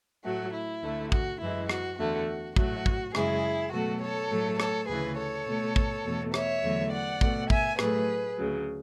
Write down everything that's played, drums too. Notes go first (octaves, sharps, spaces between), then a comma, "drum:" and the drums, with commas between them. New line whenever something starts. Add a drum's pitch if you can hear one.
A2 F#3 A3 F#4
E4
D2 D3 A3
F#4, drum: kick
F#2 E3 G#3 E4
F#4, drum: rim click
E2 D3 A3 F#4
A2 F#3 A3 F#4, drum: kick
drum: kick
F#2 C#3 G#3 E4 G#4, drum: rim click
B2 F#3 A3 F#4 A4
A4 C#5
A2 F#3 A3
A4 C#5, drum: rim click
D2 C#3 E3 G#4 B4
A4 C#5
B2 A3
drum: kick
E2 B2 A3
C#5 E5, drum: rim click
E2 D3 F#3 A3
D5 F#5
B2 A3, drum: kick
E5 G#5, drum: kick
A2 F#3 A3 G#4 B4, drum: rim click
D2 C#3 F#3